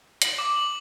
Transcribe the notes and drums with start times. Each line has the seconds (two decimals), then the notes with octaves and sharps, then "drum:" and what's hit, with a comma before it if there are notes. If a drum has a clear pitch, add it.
0.22 F#7, drum: hi-hat
0.39 D6
0.56 F#7